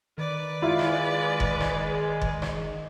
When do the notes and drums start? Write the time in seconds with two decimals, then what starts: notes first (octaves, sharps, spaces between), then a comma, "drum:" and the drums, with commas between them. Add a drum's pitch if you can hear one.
0.18 D#3 B4 D5
0.62 G#3 E4 F4
0.79 drum: rim click
1.40 drum: kick F#1
1.60 drum: rim click
2.22 drum: kick F#1
2.42 drum: rim click